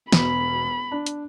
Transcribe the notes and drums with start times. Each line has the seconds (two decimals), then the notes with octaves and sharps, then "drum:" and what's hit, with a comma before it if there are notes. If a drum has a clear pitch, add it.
0.12 E1 B2 B5 B6, drum: snare
0.92 D4
1.06 drum: hi-hat